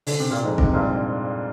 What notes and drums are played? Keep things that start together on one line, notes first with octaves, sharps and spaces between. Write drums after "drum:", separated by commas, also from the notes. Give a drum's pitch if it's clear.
D3, drum: open hi-hat
C3
A#2
F2 G#2
G#2 C3, drum: kick
G2 A#2